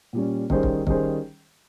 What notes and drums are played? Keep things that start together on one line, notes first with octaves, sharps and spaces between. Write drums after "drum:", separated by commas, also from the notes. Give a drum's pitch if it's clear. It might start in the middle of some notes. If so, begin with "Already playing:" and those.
A#2 G3 C#4
D#3 G3 C#4 G#4 C5, drum: kick
drum: kick
D#3 G3 C#4 G#4 C5, drum: kick